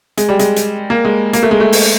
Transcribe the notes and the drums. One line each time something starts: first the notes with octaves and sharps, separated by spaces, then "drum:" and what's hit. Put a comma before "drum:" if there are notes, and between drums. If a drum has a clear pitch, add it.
G#3, drum: hi-hat
G3
G#3, drum: hi-hat
drum: hi-hat
A#3
G#3
A#3, drum: hi-hat
A3
G#3
A3
drum: open hi-hat